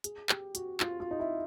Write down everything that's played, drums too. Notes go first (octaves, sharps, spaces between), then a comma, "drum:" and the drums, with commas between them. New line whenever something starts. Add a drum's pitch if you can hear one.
G#4, drum: hi-hat
G4, drum: clap
F#4, drum: hi-hat
F4, drum: clap
F4
D#4
E4